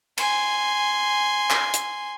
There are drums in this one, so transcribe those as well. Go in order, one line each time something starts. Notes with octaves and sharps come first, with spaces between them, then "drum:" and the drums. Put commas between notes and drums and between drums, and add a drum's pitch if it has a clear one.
G#5 C6, drum: cymbal
drum: clap
drum: hi-hat